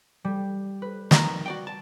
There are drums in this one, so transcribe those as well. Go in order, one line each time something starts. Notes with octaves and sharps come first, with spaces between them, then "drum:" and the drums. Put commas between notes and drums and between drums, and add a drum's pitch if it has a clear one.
G3
B4
F2 D#3 A#5, drum: snare
F#4 D5 G5
A5